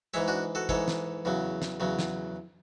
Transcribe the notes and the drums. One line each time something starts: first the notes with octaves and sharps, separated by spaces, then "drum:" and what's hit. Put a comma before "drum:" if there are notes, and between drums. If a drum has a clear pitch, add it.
G#2 E3 G#3 C#5 E5
D4 F#4
F#4 A4
G#2 E3 G#3 A4 C#5, drum: kick
drum: snare
E2 C#3 F#3
drum: snare
E2 C#3 F#3
drum: snare